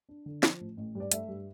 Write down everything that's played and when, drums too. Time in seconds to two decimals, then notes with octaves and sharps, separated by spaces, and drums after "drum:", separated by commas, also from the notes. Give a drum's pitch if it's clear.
0.09 D4
0.26 D3
0.43 F3, drum: snare
0.60 A1
0.77 A1
0.95 G2
1.00 D5
1.11 A3 E5, drum: hi-hat
1.28 G2